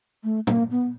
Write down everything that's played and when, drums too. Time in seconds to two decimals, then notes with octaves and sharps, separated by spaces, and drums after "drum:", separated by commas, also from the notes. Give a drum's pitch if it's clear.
0.24 A3
0.47 A#3, drum: tom
0.71 B3